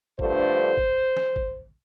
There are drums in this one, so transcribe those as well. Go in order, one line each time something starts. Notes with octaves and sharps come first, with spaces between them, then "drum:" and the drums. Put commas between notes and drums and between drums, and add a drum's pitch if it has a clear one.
G2 D3 F3 A3 C5, drum: kick
drum: kick
drum: snare
drum: kick